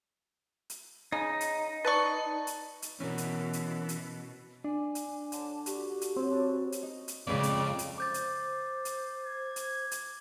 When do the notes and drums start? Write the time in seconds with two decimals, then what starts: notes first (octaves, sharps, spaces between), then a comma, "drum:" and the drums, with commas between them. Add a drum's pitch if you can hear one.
0.70 drum: hi-hat
1.12 C#3 D#4
1.41 drum: hi-hat
1.85 B4 D5 A5 C#6 A6
2.47 drum: hi-hat
2.82 drum: hi-hat
3.00 B2 E3 C#4 A#4
3.18 drum: hi-hat
3.53 drum: hi-hat
3.89 drum: hi-hat
4.64 D4 G#5
4.95 drum: hi-hat
5.32 D3 A5, drum: hi-hat
5.66 F#4 G4, drum: hi-hat
6.01 drum: hi-hat
6.17 F#2 C4
6.31 D4 B4 C#5
6.72 drum: hi-hat
6.82 D#4
7.08 drum: hi-hat
7.27 F2 G#2 C#3 C#4 D5
7.43 drum: hi-hat
7.79 drum: hi-hat
7.98 C5 D6 G6 A6
8.14 drum: hi-hat
8.85 drum: hi-hat
9.25 G#6
9.56 drum: hi-hat
9.91 drum: hi-hat